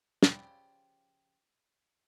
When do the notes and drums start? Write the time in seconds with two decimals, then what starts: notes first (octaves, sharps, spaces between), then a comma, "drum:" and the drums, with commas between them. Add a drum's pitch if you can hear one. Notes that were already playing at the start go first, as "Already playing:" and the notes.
0.23 C#3 F3 G4 B5, drum: snare